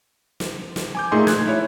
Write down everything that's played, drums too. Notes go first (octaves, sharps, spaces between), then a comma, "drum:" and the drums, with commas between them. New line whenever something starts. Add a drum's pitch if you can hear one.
drum: snare
drum: snare
G#5 D6 G6
A#2 A3 D#4 G#4 C6
F#6 G#6, drum: snare
E4 C#5